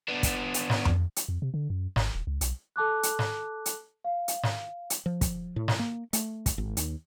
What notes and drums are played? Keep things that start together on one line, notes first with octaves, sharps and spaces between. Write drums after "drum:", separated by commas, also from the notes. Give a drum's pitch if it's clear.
B3 D4
drum: kick, hi-hat
drum: hi-hat
drum: snare
drum: tom F2
drum: hi-hat
F2
C3
D3
F#2
G#1, drum: snare
D#1
C#2
B1, drum: hi-hat
A4 A5 D6 F#6
drum: hi-hat
drum: snare
drum: hi-hat
F5
drum: hi-hat
drum: snare
drum: hi-hat
F3
drum: kick, hi-hat
A2
drum: snare
A#3
A3, drum: hi-hat
drum: kick, hi-hat
G#1
D#2, drum: hi-hat